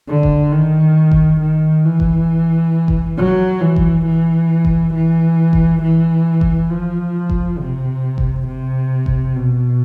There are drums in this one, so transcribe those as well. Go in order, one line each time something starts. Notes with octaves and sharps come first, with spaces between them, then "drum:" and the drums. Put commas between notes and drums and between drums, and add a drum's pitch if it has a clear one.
D3
drum: kick F#1
D#3
drum: kick F#1
D#3
E3
drum: kick F#1
drum: kick F#1
F#3
E3
drum: kick F#1
E3
drum: kick F#1
E3
drum: kick F#1
E3
drum: kick F#1
F3
drum: kick F#1
C3
drum: kick F#1
C3
drum: kick F#1
B2